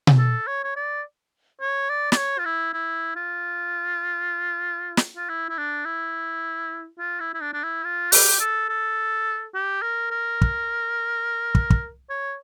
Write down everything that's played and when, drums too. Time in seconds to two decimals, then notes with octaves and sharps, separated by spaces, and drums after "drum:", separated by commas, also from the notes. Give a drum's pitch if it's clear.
0.07 drum: tom B2
0.18 A4
0.47 C#5
0.64 C#5
0.76 D5
1.61 C#5
1.90 D5
2.12 D5, drum: snare
2.17 C#5
2.38 F4
2.45 E4
2.73 E4
3.16 F4
4.97 drum: snare
5.17 F4
5.29 E4
5.49 E4
5.58 D4
5.85 E4
6.99 F4
7.20 E4
7.34 E4
7.41 D4
7.53 D4
7.63 E4
7.84 F4
8.12 G4, drum: open hi-hat
8.40 A4
8.69 A4
9.54 G4
9.82 A#4
10.11 A#4
10.41 drum: kick
11.55 drum: kick
11.70 drum: kick
12.10 C#5